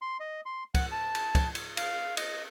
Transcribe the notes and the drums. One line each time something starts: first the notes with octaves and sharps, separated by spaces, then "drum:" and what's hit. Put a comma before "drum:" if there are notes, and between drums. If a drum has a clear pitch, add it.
C6
D#5
C6
F#5, drum: kick, cymbal
A5
drum: cymbal
drum: kick, cymbal
drum: cymbal
F5, drum: cymbal
D#5, drum: cymbal